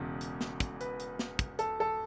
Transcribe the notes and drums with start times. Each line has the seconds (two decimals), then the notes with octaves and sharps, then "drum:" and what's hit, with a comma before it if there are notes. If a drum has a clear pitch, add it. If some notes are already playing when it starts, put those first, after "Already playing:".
Already playing: E1 E2 C#3
0.21 drum: hi-hat
0.41 drum: snare
0.60 drum: kick, hi-hat
0.81 B4, drum: hi-hat
1.00 drum: hi-hat
1.19 drum: snare
1.39 drum: kick, hi-hat
1.59 A4, drum: hi-hat
1.80 A4